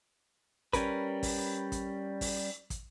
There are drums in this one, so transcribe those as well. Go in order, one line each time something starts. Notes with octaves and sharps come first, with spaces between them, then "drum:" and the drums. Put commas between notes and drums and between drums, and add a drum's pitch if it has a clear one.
G3 C#4 A#4 B4, drum: kick, hi-hat
drum: kick, open hi-hat
drum: kick, hi-hat
drum: kick, open hi-hat
drum: kick, hi-hat